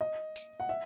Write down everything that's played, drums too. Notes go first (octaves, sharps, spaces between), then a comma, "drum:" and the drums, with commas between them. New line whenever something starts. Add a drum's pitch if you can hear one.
D#5
drum: tambourine
F#5
E5